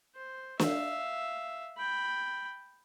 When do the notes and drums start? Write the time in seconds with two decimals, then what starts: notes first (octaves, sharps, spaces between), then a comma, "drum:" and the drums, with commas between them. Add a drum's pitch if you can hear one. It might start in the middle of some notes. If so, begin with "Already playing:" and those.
0.15 C5
0.59 E5 F5, drum: snare
1.78 G5 B5